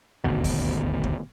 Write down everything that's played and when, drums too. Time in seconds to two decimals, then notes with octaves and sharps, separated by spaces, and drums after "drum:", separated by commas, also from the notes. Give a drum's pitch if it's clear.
0.24 D#1 G#1 D2 B2
0.44 drum: kick, open hi-hat
1.04 drum: kick